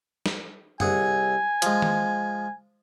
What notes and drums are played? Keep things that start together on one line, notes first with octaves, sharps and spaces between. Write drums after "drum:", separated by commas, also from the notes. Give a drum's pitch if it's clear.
drum: snare
C2 G#4 F#5 G#5, drum: tom
F3 G#3, drum: hi-hat
drum: tom D#3